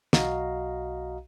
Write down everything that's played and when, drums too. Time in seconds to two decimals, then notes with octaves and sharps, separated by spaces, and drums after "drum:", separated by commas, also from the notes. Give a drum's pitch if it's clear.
0.13 B1 F#4 D#5 F5 A#5, drum: snare